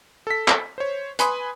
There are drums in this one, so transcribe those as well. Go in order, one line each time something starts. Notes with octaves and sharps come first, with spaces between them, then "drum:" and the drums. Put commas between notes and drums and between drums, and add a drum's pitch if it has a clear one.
A4 B6
drum: clap
C5 C#5
B4 G#5 B5 C6 D#6, drum: hi-hat